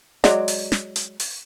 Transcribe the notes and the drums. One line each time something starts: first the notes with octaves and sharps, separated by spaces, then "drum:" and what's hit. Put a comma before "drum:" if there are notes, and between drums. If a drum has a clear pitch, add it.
F#3 G#3 D5, drum: snare
drum: open hi-hat
drum: snare
drum: hi-hat
drum: open hi-hat